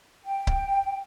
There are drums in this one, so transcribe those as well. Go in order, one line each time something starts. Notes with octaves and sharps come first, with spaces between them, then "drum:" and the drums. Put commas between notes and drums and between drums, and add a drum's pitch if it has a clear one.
G5
drum: kick C#1